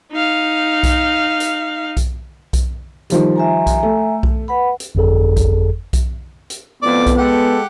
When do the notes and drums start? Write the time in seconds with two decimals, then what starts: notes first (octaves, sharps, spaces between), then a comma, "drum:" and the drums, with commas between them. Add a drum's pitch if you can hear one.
0.12 D#4 F5
0.83 drum: kick B1, hi-hat
1.40 drum: hi-hat
1.97 drum: kick B1, hi-hat
2.53 drum: kick B1, hi-hat
3.10 D#3 F3 G3, drum: hi-hat
3.36 E5 G#5 A#5
3.67 drum: kick B1, hi-hat
3.83 A3
4.23 drum: kick B1
4.48 B4 F#5 B5
4.80 drum: hi-hat
4.95 G1 F2 G#4 A4
5.37 drum: kick B1, hi-hat
5.93 drum: kick B1, hi-hat
6.50 drum: hi-hat
6.83 F2 A2 B3 D5
7.06 drum: kick B1, hi-hat
7.18 G#3 G4 A4 F#5